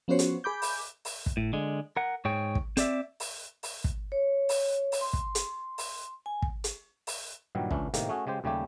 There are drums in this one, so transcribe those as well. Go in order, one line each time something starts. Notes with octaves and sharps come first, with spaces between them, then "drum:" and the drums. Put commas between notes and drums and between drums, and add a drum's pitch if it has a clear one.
F3 B3 C#4 F#4 C5 C#5
drum: hi-hat
G#4 B5 D6 G6
drum: open hi-hat
drum: open hi-hat
drum: kick
A2
D3 G#3
A#4 F#5
G#2 G#4 C#5 G5
drum: kick
C4 D5 E5, drum: hi-hat
drum: open hi-hat
drum: open hi-hat
drum: kick
C#5
drum: open hi-hat
drum: open hi-hat
C6
drum: kick
drum: hi-hat
drum: open hi-hat
G#5
drum: kick
drum: hi-hat
drum: open hi-hat
G2 A#2 D#3 F#3 G3
C#2 E3 C#4 D4 E4, drum: kick
A2 C3 D#3 A#3, drum: hi-hat
A3 C#4 F#4 G#4
C#3 G#3 G4 C5
D#2 C#3 G3 A3 G4